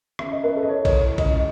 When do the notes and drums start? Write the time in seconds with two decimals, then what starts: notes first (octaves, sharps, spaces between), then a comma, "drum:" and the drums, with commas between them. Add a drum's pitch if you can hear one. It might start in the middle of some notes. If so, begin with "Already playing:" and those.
0.19 C#4 E5, drum: rim click
0.32 D#5
0.44 C#4 B4
0.56 A4
0.63 D#5
0.68 E4 C#5
0.85 C#5, drum: kick B1, cymbal
0.94 E4
1.18 C#2 D#5, drum: kick B1, cymbal